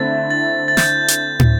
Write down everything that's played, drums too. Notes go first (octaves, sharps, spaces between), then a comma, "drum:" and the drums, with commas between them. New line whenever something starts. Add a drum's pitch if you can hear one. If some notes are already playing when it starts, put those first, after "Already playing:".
Already playing: D3 A3 C4 E4 A6
A6
A6
G6, drum: snare
drum: hi-hat
drum: tom